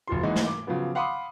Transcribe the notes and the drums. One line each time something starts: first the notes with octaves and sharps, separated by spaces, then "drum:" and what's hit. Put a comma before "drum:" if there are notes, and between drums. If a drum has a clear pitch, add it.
F#1 F3 F4 C6
E3 F#3 G#3 A#3 D#4 F#4
drum: snare
D6
C#3 F3 F#3 B3
F5 F#5 B5 C6 D6 D#6